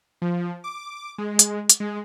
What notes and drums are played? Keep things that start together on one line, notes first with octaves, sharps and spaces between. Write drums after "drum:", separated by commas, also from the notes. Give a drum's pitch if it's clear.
F3
D6
G#3
drum: hi-hat
drum: hi-hat
G#3